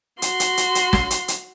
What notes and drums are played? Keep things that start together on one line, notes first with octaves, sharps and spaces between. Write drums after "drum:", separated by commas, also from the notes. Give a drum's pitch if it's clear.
F#4 C6, drum: hi-hat
drum: hi-hat
drum: hi-hat
drum: hi-hat
drum: snare
drum: hi-hat
drum: hi-hat